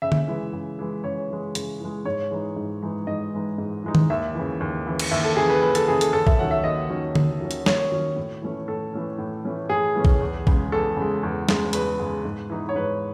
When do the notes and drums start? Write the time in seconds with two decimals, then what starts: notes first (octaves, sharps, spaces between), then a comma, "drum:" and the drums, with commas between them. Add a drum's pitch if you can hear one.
0.02 C#3 E5
0.12 drum: tom D3
0.28 E3 G#3
0.53 C#3
0.79 E3 G#3
1.04 C#3 C#5
1.30 E3 G#3
1.55 C#3, drum: hi-hat
1.80 E3 G#3
2.05 G#2 C#5
2.31 E3 G#3 D#4
2.56 G#2
2.82 E3 G#3 D#4
3.07 G#2 D#5
3.33 E3 G#3 D#4
3.58 G#2
3.83 E3 G#3 D#4
3.95 drum: tom D#3
4.10 D#2 E5
4.35 C#3 E3
4.60 D#2
4.87 C#3 E3
4.99 drum: cymbal
5.11 D#2 E5
5.24 A4
5.36 C#3 E3 G#4
5.50 B4
5.62 D#2 B4
5.75 A4, drum: hi-hat
5.88 C#3 E3 G#4
6.01 A4, drum: hi-hat
6.13 D#2 A4
6.27 E5, drum: kick A#1
6.39 D#3 F#3 C#4 F#5
6.51 E5
6.64 D#2 D#5
6.89 D#3 F#3 C#4
7.15 D#2, drum: tom D3
7.41 D#3 F#3 C#4
7.51 drum: hi-hat
7.66 D#2 C#5, drum: snare
7.92 D#3 F#3 C#4
8.16 A2
8.42 E3 A3 C#4
8.68 A2 A4
8.93 E3 A3 C#4
9.19 A2
9.45 E3 A3 C#4
9.69 A2 G#4
9.95 E3 A3 C#4
10.05 drum: kick A#1
10.20 E2
10.47 C#3 G#3, drum: kick A#1
10.72 E2 A4
10.97 C#3 G#3
11.23 E2
11.49 C#3 G#3, drum: snare
11.73 E2 B4, drum: hi-hat
11.99 C#3 G#3
12.25 G#2
12.50 E3 B3 D#4
12.69 C#5
12.75 G#2 B4